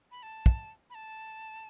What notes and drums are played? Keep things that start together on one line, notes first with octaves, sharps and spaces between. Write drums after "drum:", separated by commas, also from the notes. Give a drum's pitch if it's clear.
B5
A5
drum: kick
B5
A5